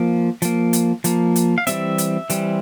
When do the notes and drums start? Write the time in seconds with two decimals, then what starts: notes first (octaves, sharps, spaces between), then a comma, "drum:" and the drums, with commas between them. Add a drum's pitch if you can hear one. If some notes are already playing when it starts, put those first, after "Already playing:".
Already playing: F3 A#3
0.42 F3 A#3, drum: hi-hat
0.73 drum: hi-hat
1.04 F3 A#3, drum: hi-hat
1.36 drum: hi-hat
1.58 F5
1.67 E3 G3 C4 E5, drum: hi-hat
1.98 drum: hi-hat
2.30 E3 G3 C4, drum: hi-hat